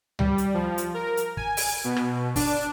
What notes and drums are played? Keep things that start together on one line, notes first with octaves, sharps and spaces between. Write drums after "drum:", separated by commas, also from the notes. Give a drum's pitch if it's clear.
G3, drum: tom C#2
drum: hi-hat
F3
drum: hi-hat
A#4
drum: hi-hat
G#5, drum: kick
drum: open hi-hat
B2
drum: rim click
D4, drum: kick, open hi-hat